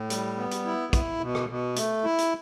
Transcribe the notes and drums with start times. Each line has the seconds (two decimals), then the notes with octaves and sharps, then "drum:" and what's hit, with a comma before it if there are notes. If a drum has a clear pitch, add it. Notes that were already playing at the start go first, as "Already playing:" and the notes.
Already playing: A2
0.10 G3, drum: hi-hat
0.37 B3
0.51 drum: hi-hat
0.66 E4
0.93 E4, drum: kick, hi-hat
1.21 B2
1.35 drum: rim click
1.49 B2
1.76 A3, drum: hi-hat
2.04 E4
2.18 drum: hi-hat